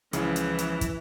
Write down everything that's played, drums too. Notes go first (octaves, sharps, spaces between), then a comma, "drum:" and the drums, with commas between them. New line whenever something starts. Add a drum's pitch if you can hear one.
C#2 C#3 E3 F3 E4, drum: hi-hat
drum: hi-hat
drum: hi-hat
drum: kick, hi-hat